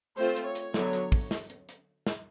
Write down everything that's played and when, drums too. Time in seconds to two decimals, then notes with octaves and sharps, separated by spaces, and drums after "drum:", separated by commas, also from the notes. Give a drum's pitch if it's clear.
0.17 A3 C4 F4 C5, drum: open hi-hat
0.36 drum: hi-hat
0.46 C#5
0.55 drum: hi-hat
0.74 D3 F#3 B3, drum: snare
0.93 drum: hi-hat
1.12 drum: kick, open hi-hat
1.31 drum: snare
1.50 drum: hi-hat
1.69 drum: hi-hat
2.06 drum: snare